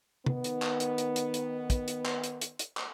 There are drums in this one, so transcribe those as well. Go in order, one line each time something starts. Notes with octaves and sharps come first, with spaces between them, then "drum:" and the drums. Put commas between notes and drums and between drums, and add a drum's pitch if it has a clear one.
D#3 B3, drum: tom
drum: hi-hat
drum: clap
drum: hi-hat
drum: hi-hat
drum: hi-hat
drum: hi-hat
drum: kick, hi-hat
drum: hi-hat
drum: clap
drum: hi-hat
drum: hi-hat
drum: hi-hat
drum: clap